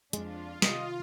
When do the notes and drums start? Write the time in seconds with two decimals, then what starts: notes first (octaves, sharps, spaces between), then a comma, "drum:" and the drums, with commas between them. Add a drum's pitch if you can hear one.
0.13 F2 G#3 D4 F4, drum: hi-hat
0.62 C3 D#3 D#5, drum: snare